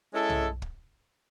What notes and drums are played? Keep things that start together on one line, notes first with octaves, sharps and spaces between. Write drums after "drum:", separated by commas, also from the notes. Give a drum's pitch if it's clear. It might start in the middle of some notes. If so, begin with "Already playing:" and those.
G#3 C#4 E4 A4
drum: tom
drum: kick